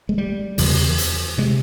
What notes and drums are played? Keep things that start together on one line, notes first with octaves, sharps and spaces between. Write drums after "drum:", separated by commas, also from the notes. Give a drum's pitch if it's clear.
G#3
G3
E2 C#3, drum: open hi-hat
drum: hi-hat
C3 G#3